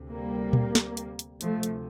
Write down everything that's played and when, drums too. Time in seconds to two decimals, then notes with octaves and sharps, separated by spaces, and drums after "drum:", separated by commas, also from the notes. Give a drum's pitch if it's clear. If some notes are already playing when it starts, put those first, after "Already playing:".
Already playing: D2 C3
0.09 G3 A#3
0.53 drum: tom A#2
0.75 drum: snare
0.97 drum: hi-hat
1.19 drum: hi-hat
1.41 D2 C3 F3 A3, drum: hi-hat
1.63 drum: hi-hat